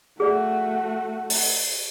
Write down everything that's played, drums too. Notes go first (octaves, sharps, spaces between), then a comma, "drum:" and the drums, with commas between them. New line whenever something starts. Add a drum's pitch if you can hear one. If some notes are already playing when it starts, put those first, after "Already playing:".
A3 F#4 G#4 D5
drum: open hi-hat